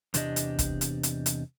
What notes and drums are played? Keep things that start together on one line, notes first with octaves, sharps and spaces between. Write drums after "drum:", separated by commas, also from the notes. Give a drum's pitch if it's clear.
E2 C3 D4 G4 D#5, drum: hi-hat
drum: hi-hat
drum: kick, hi-hat
drum: hi-hat
drum: hi-hat
drum: hi-hat